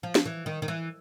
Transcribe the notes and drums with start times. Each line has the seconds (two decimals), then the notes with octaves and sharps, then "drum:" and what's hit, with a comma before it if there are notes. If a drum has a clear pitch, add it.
0.03 F3
0.15 drum: snare
0.26 E3
0.46 D#3
0.62 D#3
0.68 E3